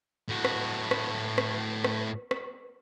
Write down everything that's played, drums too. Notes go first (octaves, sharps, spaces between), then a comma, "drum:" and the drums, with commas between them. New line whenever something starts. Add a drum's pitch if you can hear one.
A2 F#4
drum: rim click
drum: rim click
drum: rim click
drum: rim click
drum: rim click